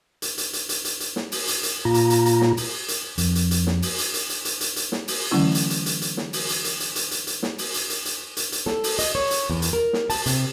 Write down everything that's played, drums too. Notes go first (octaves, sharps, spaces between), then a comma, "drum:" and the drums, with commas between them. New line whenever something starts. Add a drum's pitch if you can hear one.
drum: hi-hat
drum: hi-hat
drum: hi-hat
drum: hi-hat
drum: hi-hat
drum: hi-hat
drum: snare
drum: open hi-hat
drum: hi-hat
drum: hi-hat
A#2 F4 A#5
drum: hi-hat
drum: hi-hat
drum: hi-hat
drum: snare
drum: open hi-hat
drum: hi-hat
F2, drum: hi-hat
drum: hi-hat
drum: hi-hat
drum: snare
drum: open hi-hat
drum: hi-hat
drum: hi-hat
drum: hi-hat
drum: hi-hat
drum: hi-hat
drum: hi-hat
drum: snare
drum: open hi-hat
D3 E3 F#3 A3 C#4 E4
drum: hi-hat
drum: hi-hat
drum: hi-hat
drum: hi-hat
drum: snare
drum: open hi-hat
drum: hi-hat
drum: hi-hat
drum: hi-hat
drum: hi-hat
drum: hi-hat
drum: hi-hat
drum: snare
drum: open hi-hat
drum: hi-hat
drum: hi-hat
drum: hi-hat
drum: hi-hat
drum: hi-hat
A4, drum: snare
drum: open hi-hat
D#5, drum: hi-hat
C#5
drum: hi-hat
E2
drum: hi-hat
A#4
drum: snare
A5, drum: open hi-hat
C3, drum: hi-hat